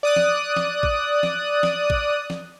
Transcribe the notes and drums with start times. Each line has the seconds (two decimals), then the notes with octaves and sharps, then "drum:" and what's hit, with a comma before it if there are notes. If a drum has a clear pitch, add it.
0.03 D5 D#6 F#6
0.16 drum: snare
0.56 drum: snare
0.83 drum: kick A1
1.23 drum: snare
1.63 drum: snare
1.90 drum: kick A1
2.30 drum: snare